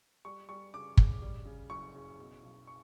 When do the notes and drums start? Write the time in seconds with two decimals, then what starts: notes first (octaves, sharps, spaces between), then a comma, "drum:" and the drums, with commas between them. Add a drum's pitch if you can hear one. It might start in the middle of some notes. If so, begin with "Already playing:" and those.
0.25 G3 C#6
0.49 G3 C#6
0.74 C#3 D6
0.97 C#3, drum: kick
1.22 G3
1.45 C#3
1.70 F#1 C#6
1.94 C#3
2.19 B2
2.43 B1
2.67 C#6